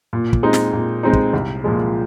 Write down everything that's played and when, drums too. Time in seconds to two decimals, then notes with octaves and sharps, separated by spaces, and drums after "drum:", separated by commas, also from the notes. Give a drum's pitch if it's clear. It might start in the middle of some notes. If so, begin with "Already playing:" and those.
0.13 A#2
0.33 drum: kick
0.43 G#3 C4 D#4
0.53 drum: snare
0.73 A#2
1.03 G#3 C4 D#4
1.13 drum: kick
1.33 C2
1.64 A#2 F3 G#3